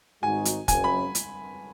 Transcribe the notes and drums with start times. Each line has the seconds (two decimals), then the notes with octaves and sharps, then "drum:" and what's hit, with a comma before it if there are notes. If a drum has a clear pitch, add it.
0.22 G#1 G#2 G#3 D#4 F#4 G#5
0.45 drum: hi-hat
0.68 F#1 F#2 C#3 G#5, drum: kick, hi-hat
0.84 B5
1.15 drum: hi-hat